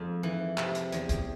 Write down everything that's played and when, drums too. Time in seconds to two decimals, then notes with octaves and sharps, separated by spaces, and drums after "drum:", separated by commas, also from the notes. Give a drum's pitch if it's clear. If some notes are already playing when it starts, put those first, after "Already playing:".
Already playing: F2 G#3
0.23 E3
0.58 C3, drum: clap
0.75 drum: hi-hat
0.92 E2, drum: hi-hat
1.09 drum: kick, hi-hat